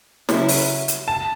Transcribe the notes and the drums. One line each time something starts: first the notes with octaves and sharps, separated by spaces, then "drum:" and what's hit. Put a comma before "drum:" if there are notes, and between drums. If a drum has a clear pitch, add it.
C#3 F#3 C#4 E4, drum: snare
drum: open hi-hat
drum: hi-hat
A5